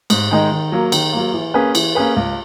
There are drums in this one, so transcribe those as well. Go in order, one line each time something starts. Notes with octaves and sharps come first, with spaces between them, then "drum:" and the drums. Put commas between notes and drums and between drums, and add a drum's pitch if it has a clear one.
G#2, drum: cymbal
D#3 G#3 D#4
D#3
F#3 A#3
D#3, drum: cymbal
F#3 A#3
E3
A#3 C#4 G#4 B4
E3, drum: cymbal
A#3 C#4 G#4 B4
C#2